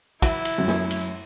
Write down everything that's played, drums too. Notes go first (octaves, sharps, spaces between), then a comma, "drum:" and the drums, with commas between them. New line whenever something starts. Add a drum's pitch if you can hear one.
E3 F#3 E4, drum: kick, cymbal
drum: cymbal
F#2
drum: snare
drum: cymbal